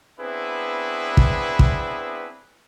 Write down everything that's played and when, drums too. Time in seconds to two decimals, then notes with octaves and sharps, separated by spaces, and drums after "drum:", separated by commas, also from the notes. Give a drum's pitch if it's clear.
0.19 B3 C4 D4 E4 G#4 B4
1.17 drum: kick
1.59 drum: kick